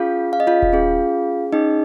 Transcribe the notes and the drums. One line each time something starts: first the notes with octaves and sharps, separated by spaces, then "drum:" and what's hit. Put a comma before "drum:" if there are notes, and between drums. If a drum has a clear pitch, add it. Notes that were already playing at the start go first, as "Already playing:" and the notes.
Already playing: C#4 F4 G#4 F5
F5
D#5
F4 F5
drum: kick D#1
C#4 G#4
C#4 D#4 G#4 D#5